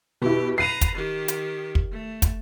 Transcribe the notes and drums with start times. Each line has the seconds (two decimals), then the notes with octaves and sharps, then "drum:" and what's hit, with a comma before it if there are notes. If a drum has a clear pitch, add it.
0.22 B2 E4 G4
0.58 B4 A#5 C7 D#7
0.81 drum: kick, hi-hat
0.95 D#3 G4
1.28 drum: hi-hat
1.75 drum: kick
1.92 A3
2.22 drum: kick, hi-hat